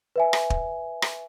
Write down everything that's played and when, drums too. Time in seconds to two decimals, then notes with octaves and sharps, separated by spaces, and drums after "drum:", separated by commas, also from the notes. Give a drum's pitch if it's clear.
0.16 B4 E5 G#5
0.33 drum: rim click
0.50 drum: kick
1.02 drum: rim click